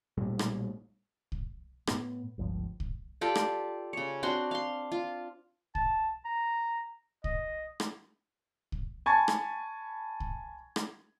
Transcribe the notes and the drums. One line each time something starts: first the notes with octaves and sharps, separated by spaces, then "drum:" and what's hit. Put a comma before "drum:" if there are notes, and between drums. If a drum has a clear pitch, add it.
B1 A#2 G3 A3
drum: rim click
drum: kick C2
A2 B3, drum: rim click
G1 C#2 A#2 F3
drum: kick C2
F4 G4 A4 D5
drum: rim click
C#3 C#5
C4 D4 F#4 C6
F5 C6
F4
A5, drum: kick C2
A#5
D#5, drum: kick C2
drum: rim click
drum: kick C2
G#5 A5 B5 C#6 G#6 A6
drum: rim click
drum: kick C2
drum: rim click